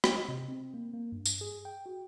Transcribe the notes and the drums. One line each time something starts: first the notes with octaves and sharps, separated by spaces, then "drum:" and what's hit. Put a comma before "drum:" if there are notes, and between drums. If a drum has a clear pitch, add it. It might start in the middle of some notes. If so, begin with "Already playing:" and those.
drum: rim click
D#5
C3
C4
A#3
A#3
G2
drum: tambourine
G#4
G5
F#4